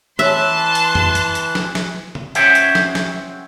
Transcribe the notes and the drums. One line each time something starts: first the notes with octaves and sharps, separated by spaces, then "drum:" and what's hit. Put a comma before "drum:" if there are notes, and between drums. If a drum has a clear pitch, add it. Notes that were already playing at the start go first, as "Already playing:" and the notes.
E3 E5 A5 C6 F#6
drum: hi-hat
drum: tom F2
drum: hi-hat
drum: hi-hat
drum: snare
drum: snare
drum: tom
C#4 C5 C#5 E5 F#5 G5, drum: hi-hat
drum: hi-hat
drum: snare
drum: snare